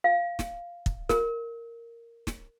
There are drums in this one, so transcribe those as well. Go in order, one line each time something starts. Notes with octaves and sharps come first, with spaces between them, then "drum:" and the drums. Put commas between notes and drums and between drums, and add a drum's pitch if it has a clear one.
F5
drum: snare
drum: kick
A#4, drum: snare
drum: snare